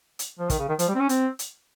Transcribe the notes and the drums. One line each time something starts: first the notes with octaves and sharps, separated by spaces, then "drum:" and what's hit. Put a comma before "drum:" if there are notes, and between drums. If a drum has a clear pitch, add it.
drum: hi-hat
F3
D#3, drum: kick, hi-hat
C#3
D#3
F3, drum: hi-hat
G3
C4
C#4
C4, drum: hi-hat
drum: hi-hat